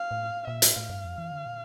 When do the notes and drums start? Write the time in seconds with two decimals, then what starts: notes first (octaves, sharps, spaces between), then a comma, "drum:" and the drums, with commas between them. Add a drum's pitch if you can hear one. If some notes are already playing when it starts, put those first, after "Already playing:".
Already playing: F5
0.11 A2
0.47 A#2 E5
0.62 A2, drum: hi-hat
0.75 A2 F5
0.90 G2
1.05 F2
1.18 E3
1.31 D3
1.46 A#2